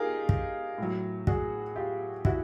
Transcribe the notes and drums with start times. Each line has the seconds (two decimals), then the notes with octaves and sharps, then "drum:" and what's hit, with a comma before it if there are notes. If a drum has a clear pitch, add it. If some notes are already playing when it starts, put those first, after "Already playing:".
Already playing: D#4 F4 G4 G#4 A#4
0.29 drum: kick
0.78 A2 F#3
1.27 F#4 G#4, drum: kick
1.76 F4 G4
2.25 E4 F#4, drum: kick